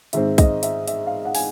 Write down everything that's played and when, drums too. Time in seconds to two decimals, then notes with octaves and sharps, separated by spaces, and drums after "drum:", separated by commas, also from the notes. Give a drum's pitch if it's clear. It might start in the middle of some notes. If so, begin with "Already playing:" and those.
0.13 G#2 D#3 G#3 C4 E5, drum: hi-hat
0.38 D#5, drum: kick, hi-hat
0.63 E5, drum: hi-hat
0.88 E5, drum: hi-hat
1.07 F5
1.25 F#5
1.35 G#5, drum: open hi-hat